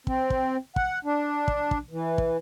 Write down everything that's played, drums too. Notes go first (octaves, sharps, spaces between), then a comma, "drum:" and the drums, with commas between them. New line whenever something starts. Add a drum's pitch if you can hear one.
C4, drum: kick
drum: kick
F#5, drum: kick
D4
drum: kick
drum: kick
E3
drum: kick